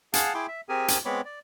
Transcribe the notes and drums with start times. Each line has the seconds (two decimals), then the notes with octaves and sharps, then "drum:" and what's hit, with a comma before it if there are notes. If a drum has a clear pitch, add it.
0.13 G#4 F5 F#5 A5, drum: hi-hat
0.34 E4 G#4 G5 C6 D6
0.48 E5
0.69 C4 G4 G#4 A#4 G#5
0.88 drum: hi-hat
1.05 G#3 B3 C4 C#5 B5 D6
1.25 D5